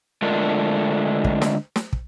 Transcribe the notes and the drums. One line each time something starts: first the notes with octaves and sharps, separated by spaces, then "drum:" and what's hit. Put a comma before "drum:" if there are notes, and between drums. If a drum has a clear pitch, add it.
D3 G#3 A3 D4 F4 A#4
drum: kick
drum: snare
drum: snare
drum: kick